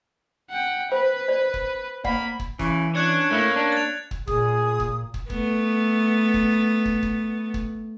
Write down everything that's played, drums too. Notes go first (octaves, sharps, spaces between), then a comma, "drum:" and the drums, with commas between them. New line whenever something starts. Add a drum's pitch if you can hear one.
F#5 G5
B4 C5
C5 D5
drum: kick
A#3 D5 F#5 B5, drum: kick
drum: kick
C#3 E3, drum: kick
C#4 D4 F#6 G#6 C#7
A3 A#3 E4
D4
A6 F7
drum: kick
A#2 G#4 D#6, drum: kick
drum: kick
drum: kick
A3 B3, drum: kick
drum: kick
drum: kick
drum: kick
drum: kick